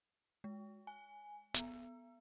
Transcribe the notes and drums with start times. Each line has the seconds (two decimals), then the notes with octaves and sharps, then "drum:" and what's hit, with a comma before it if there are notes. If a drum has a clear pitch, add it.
0.44 G#3
0.87 G#5
1.54 B3, drum: hi-hat